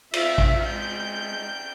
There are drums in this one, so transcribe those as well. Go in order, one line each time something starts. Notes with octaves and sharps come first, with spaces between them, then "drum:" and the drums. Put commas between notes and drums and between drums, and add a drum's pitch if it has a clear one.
F4 E5, drum: cymbal
drum: kick
G#3 G6